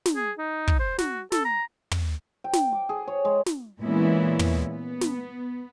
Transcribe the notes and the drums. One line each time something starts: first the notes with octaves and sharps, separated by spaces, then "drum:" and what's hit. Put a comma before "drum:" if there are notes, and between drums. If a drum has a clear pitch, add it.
drum: snare
G#4
D#4
drum: kick
C5
F#4, drum: snare
A4, drum: snare
A#5
drum: tom
G5
drum: snare
D6
G#4
C#5
G#3
drum: snare
A#2 E3 G#3 B3 C#4 E4
drum: tom
B3
drum: snare